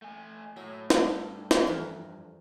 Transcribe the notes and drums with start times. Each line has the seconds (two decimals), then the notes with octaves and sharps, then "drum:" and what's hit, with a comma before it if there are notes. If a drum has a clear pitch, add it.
0.02 A3 G#5
0.57 A2 F#3 A3
0.90 G2 A3, drum: snare
1.51 drum: snare
1.67 F2 E3 A#4